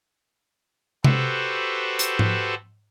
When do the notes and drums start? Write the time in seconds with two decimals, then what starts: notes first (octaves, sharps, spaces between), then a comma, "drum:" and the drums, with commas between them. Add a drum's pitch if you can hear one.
1.04 F#4 G4 A4 B4 C5 E5, drum: tom C3
1.99 drum: hi-hat
2.19 drum: tom G#2